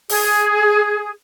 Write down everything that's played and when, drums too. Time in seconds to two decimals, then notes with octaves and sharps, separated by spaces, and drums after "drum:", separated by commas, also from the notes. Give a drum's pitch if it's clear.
0.09 G#4, drum: open hi-hat